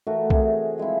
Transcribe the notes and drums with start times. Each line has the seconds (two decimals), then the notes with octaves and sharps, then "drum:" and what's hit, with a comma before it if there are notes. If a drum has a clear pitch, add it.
0.07 E3 A3 F#4 A#4
0.30 C3 G#4, drum: kick B1
0.78 F3 G#3 C4 E4